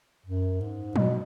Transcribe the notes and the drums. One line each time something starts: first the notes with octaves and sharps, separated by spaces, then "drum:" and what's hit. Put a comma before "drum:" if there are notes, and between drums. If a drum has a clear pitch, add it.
F#2
G#2
B2, drum: tom F3